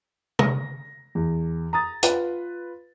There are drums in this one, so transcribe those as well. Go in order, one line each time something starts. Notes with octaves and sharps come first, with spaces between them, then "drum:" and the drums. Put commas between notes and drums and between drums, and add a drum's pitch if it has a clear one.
A#6, drum: tom
E2
A#5 D#6 A6
F4 B4, drum: hi-hat